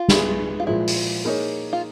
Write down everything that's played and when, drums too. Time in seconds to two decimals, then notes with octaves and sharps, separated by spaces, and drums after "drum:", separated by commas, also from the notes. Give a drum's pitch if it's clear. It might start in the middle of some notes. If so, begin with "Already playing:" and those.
Already playing: F4
0.08 G#3 B3 E4 G#4, drum: snare
0.60 F4
0.66 A#2 F3 G#3 E4
0.88 drum: open hi-hat
1.25 A#3 D#4 G#4 C#5
1.73 F4